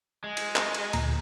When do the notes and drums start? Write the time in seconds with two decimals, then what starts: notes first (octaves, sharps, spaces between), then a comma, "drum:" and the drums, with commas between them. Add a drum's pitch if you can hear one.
0.24 G#3
0.37 drum: cymbal
0.56 drum: clap
0.75 drum: cymbal
0.93 D2 A#2 A#5, drum: cymbal